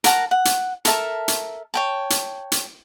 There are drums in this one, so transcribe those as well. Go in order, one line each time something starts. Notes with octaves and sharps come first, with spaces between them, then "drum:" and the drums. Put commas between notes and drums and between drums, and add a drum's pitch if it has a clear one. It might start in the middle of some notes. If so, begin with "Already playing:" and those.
A#4 F#5 A5 A#5, drum: hi-hat
F#5
drum: hi-hat
A4 A#4 E5 A5, drum: hi-hat
drum: hi-hat
C#5 G5 A5
drum: hi-hat
drum: hi-hat